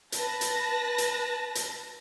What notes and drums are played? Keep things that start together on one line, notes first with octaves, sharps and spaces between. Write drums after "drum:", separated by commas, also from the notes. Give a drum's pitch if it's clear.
B4 A5 A#6, drum: hi-hat
drum: hi-hat
drum: hi-hat
drum: hi-hat